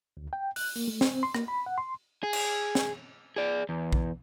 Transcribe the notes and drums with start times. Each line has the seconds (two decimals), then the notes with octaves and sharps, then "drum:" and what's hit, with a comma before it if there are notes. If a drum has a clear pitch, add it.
0.17 D2
0.33 G5
0.56 F#6, drum: open hi-hat
0.76 A#3, drum: open hi-hat
0.88 A3
1.01 C4, drum: snare
1.23 C6
1.35 A#3, drum: rim click
1.48 B5
1.66 F#5
1.78 C6
2.23 G#4
2.33 drum: cymbal
2.75 drum: snare
3.36 G#4 D5
3.69 E2
3.93 drum: kick